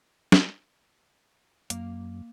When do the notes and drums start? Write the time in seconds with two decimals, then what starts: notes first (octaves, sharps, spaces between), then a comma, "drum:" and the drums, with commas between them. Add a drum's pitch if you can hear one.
0.32 drum: snare
1.70 F#2 A#3 F5, drum: hi-hat